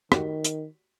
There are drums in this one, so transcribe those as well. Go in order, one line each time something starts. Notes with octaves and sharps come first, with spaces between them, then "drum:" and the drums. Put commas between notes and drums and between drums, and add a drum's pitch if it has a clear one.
D#3 A3 F#4 G4, drum: rim click
drum: hi-hat